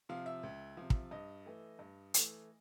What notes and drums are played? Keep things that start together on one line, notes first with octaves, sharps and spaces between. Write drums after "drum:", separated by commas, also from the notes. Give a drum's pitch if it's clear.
C3 F3 F5
E5
C#2
C3 F3
drum: kick
G2 D#5
E3 A3
G2
E3 A3, drum: hi-hat